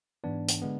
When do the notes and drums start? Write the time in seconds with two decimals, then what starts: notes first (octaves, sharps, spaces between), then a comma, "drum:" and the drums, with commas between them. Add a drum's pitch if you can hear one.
0.24 G#2 E3 B3 D4 D5
0.49 drum: hi-hat
0.62 D3 G#3 B3